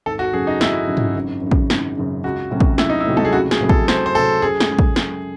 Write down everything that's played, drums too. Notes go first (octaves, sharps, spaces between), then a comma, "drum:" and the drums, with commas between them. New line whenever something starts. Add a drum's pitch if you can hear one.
G#1 A4
F#4
F#2 C#3 G#4
D#4
G#1 E4, drum: snare
F#2 C#3
drum: tom
G#1
F#2 C#3
drum: kick
G#1, drum: snare
F#2 C#3
C#2 F#4
C3 F#3 A3 C#4
drum: kick
C#2 E4, drum: snare
D#4
E4
C3 F#3 A3 C#4
A4, drum: tom
G#4
C#2 F#4
G#4, drum: snare
C3 F#3 A3 C#4
A4, drum: kick
C#2 C5, drum: snare
C5
C3 F#3 A3 C#4 A4
F#2 G#4
drum: snare
C#3 G#3
drum: kick
F#2, drum: snare